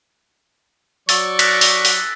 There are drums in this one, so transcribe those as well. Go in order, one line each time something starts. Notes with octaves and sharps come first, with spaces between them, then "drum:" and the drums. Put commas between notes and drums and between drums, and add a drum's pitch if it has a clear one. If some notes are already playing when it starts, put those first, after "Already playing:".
F#3 D5 C#6 E6 A6, drum: open hi-hat
F#6 A#6 B6, drum: cymbal
drum: open hi-hat
drum: open hi-hat